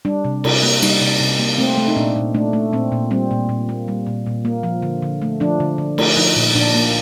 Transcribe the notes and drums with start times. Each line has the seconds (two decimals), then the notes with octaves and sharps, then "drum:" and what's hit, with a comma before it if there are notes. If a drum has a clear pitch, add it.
0.05 G3 D4
0.25 C3
0.44 C3, drum: cymbal
0.63 A#3
0.82 G3 D#4, drum: cymbal
1.01 C3
1.20 C3
1.39 A#3
1.58 A3 C4
1.78 A3
1.88 D#4
1.96 A#2 D4
2.16 A#2
2.34 A3 D4
2.53 A3
2.73 A#2 C4
2.92 A#2
3.11 G3 C4
3.31 A#2
3.49 A#2
3.69 A#3
3.88 G3
4.07 A#2
4.26 A#2
4.45 A#3
4.63 F3
4.82 D3
5.02 D3
5.22 A3
5.40 F3 D4
5.60 D3
5.78 D3
5.98 A3, drum: cymbal
6.16 F3 D#4
6.36 A#2
6.55 A#2 D4
6.75 A#3